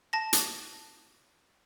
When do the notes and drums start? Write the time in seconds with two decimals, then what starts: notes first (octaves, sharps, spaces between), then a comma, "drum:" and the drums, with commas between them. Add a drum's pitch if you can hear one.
0.13 A5 A#6
0.33 drum: hi-hat